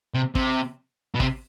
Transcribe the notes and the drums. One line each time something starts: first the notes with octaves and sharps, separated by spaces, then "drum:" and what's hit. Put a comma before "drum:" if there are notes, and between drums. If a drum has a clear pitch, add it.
C3
C3, drum: kick
B2
C3, drum: kick